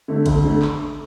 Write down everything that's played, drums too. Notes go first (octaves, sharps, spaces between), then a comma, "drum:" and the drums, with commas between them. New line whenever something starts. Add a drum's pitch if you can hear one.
D3 A3
D2, drum: kick G#1, cymbal
D3 A3
drum: clap